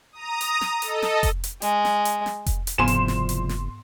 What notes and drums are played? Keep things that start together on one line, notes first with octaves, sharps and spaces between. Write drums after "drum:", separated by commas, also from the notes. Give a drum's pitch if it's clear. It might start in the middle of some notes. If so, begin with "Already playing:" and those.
A#5 D#6
drum: hi-hat
drum: snare
A4 D#5, drum: hi-hat
drum: snare
drum: kick F1, hi-hat
drum: hi-hat
G#3, drum: hi-hat
drum: snare
drum: hi-hat
drum: snare
drum: kick F1, hi-hat
drum: hi-hat
F#1 C2 G#2 F3 B3 G#5 C6 E7
drum: hi-hat
drum: snare
drum: hi-hat
drum: snare